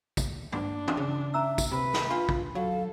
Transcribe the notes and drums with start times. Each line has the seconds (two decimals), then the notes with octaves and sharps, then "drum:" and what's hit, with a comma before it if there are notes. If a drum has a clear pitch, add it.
0.17 drum: kick, tambourine
0.52 D4, drum: tom G2
0.88 drum: tom
0.97 C#3
1.34 C#4 E5 A#5 E6
1.58 drum: kick, tambourine
1.72 C3 B4 B5
1.93 drum: snare
2.11 D4 F4
2.29 drum: kick
2.55 F#3 A4 F5